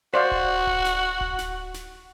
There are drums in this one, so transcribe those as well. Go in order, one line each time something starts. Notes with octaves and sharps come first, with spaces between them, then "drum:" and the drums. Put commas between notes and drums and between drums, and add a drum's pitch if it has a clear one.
F#4 C5 D5 F5
drum: kick D1
drum: kick D1
drum: snare
drum: kick D1
drum: snare
drum: snare